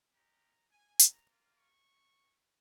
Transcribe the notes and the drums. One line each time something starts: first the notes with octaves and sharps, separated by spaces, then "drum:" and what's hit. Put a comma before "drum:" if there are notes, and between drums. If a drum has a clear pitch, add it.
G#3 C#4 G4 A#5
G#5
A#5, drum: hi-hat
A#3 F4
C#6